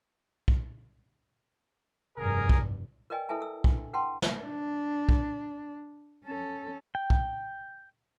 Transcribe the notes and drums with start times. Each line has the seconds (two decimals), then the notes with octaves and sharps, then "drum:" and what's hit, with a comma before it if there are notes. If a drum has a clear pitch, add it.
0.48 drum: kick
2.17 F1 G2 G#4 A#4
2.49 drum: kick
3.10 A#4 B4 D5 D#5 G5 G#5
3.29 E4 A4 B4 E5 G#5 A5
3.40 A4 E6
3.64 D4, drum: kick
3.93 B4 F#5 G5 A5 C6
4.22 drum: snare
4.42 D4
5.09 drum: kick
6.25 C#4 A4
6.95 G5
7.10 drum: kick